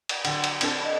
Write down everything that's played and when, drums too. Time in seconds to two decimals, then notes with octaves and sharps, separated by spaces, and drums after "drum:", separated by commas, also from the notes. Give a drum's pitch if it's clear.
0.09 drum: cymbal
0.25 D3 F#3 F#5 G5, drum: cymbal
0.44 drum: cymbal
0.61 C4 D4 A4, drum: cymbal
0.81 D#5 B5